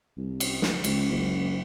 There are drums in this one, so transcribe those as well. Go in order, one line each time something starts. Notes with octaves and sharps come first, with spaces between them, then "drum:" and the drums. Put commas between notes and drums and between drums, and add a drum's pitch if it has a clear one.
C2
drum: cymbal
drum: snare
C#2, drum: cymbal
F#1